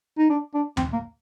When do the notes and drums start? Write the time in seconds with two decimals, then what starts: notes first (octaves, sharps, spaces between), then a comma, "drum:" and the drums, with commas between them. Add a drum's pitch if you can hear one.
0.18 D#4
0.30 D4
0.54 D4
0.77 C4, drum: tom D2
0.93 A#3